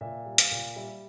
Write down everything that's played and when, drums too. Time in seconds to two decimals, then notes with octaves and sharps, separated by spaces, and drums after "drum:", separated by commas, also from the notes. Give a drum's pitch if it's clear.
0.01 A#2 E5
0.26 G3
0.38 F5, drum: hi-hat
0.51 A#2
0.76 G3 E5